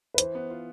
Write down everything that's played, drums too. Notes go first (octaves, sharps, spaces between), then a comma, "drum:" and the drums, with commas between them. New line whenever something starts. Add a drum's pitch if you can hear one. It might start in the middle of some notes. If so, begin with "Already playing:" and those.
B4
E3 C5, drum: hi-hat
B3
F4